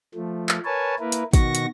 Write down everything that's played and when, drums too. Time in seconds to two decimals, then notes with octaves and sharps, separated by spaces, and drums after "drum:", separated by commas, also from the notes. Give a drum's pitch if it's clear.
0.14 F3 A3
0.49 drum: clap
0.65 A#4 B4 C#5 G#5 A5
0.99 A#3 E4 A#4 B4
1.12 drum: hi-hat
1.33 B2 D#3 F#4 C#6 A#6, drum: kick, hi-hat
1.55 drum: hi-hat